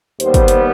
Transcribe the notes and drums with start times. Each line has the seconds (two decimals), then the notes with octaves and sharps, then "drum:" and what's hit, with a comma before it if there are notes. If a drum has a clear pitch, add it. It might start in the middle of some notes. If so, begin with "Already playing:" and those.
0.20 D#2 D#3 G3 B3 C5, drum: hi-hat
0.34 drum: kick, hi-hat
0.48 drum: hi-hat